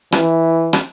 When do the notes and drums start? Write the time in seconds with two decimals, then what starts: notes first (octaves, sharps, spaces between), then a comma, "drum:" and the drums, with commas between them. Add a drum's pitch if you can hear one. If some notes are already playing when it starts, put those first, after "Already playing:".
0.12 E3, drum: rim click
0.73 drum: rim click